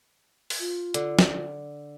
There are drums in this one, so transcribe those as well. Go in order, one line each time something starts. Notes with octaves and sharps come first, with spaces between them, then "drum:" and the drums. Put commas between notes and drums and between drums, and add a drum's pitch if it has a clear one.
drum: open hi-hat
F4
D3, drum: hi-hat
drum: snare